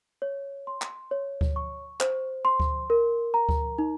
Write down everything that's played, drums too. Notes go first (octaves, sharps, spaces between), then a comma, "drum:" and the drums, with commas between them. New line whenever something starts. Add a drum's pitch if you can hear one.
C#5
C6
drum: clap
C#5
drum: kick D2
C#6
C5, drum: clap
C6
drum: kick D2
A#4
A#5
drum: kick D2
D#4